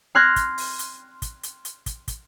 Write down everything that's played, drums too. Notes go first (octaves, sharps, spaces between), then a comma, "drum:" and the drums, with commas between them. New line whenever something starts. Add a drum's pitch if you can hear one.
C6 F6 F#6 G#6 A#6
drum: kick, hi-hat
drum: open hi-hat
drum: hi-hat
drum: kick, hi-hat
drum: hi-hat
drum: hi-hat
drum: kick, hi-hat
drum: kick, hi-hat